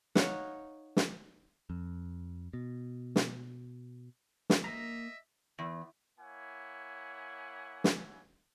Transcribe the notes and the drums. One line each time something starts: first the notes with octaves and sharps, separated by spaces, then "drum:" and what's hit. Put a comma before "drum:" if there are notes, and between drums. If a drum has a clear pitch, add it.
D#4 C#5 F5 F#5, drum: snare
drum: snare
F2
B2
drum: snare
drum: snare
A#3 D#5 E5 A#5
E2
A#3 E4 C#5 F#5 G#5
drum: snare